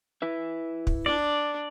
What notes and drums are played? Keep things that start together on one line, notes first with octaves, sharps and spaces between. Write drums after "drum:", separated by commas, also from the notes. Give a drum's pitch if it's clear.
E4 B4 E5
drum: kick
D4 D5